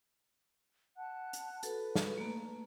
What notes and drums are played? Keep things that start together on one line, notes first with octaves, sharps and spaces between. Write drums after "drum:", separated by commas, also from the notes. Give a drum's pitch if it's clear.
F#5 A5 F#6
drum: hi-hat
F#4 A4 B4, drum: hi-hat
drum: snare
A3 A#3